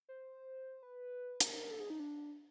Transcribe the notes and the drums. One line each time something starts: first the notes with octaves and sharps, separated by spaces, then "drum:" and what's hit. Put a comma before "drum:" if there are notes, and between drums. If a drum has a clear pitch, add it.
C5
B4
A#4, drum: hi-hat
A4
G#4
D#4
D4